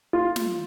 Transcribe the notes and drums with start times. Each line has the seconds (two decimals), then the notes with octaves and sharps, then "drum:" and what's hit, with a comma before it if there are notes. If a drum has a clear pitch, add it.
0.13 F4
0.36 drum: snare